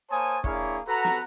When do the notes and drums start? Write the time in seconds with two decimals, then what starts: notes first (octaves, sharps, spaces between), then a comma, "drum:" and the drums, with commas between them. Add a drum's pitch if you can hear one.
0.10 A#3 C5 C#5 G#5 A5 D#6
0.44 A#3 D4 E4 G#4 C#5 F5, drum: kick
0.88 F#4 A4 B4 F#5 A#5
1.04 drum: snare